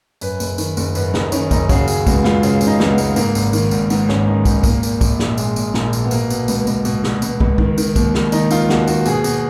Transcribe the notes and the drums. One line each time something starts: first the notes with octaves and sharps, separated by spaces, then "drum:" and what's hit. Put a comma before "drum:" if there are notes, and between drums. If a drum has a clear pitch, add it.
F#2 B4, drum: tambourine
F#1, drum: tambourine
D#3, drum: tambourine
F#1, drum: tambourine
F#2 B4, drum: tambourine
F#1 D#4, drum: snare
D#3 C#4, drum: tambourine
F#1 D#4, drum: kick, tambourine
C#3 F#4, drum: kick, tambourine
C#3 G#4, drum: tambourine
C#2 F#4, drum: kick, tambourine
C#2 F4, drum: snare
C#3, drum: tambourine
C#3, drum: tambourine
D#4
C#2, drum: snare
B3
C#2, drum: tambourine
G#2 A#3, drum: tambourine
G#1, drum: tambourine
D#3, drum: tambourine
G#1, drum: tambourine
G#2 B3, drum: tambourine
G#1 C#4, drum: snare
D#3 D#4
G#1 C#4, drum: kick, tambourine
A#2 A#3, drum: kick, tambourine
A#2, drum: tambourine
A#1, drum: kick, tambourine
A#1, drum: snare
A#2 G#3, drum: tambourine
A#2, drum: tambourine
A#1 A#3, drum: snare
A#1, drum: tambourine
B3
B2 A#3, drum: tambourine
B2, drum: tambourine
C#2, drum: tambourine
C#2, drum: tambourine
B2, drum: tambourine
B2, drum: snare
C#2, drum: tambourine
C#2, drum: kick
D#3, drum: kick
D#3, drum: tambourine
D#2, drum: kick, tambourine
D#2, drum: snare
D#3 D#4, drum: tambourine
D#3 F4, drum: tambourine
D#2 F#4, drum: snare
D#2 F#4, drum: tambourine
B2 G#4, drum: tambourine
B2, drum: tambourine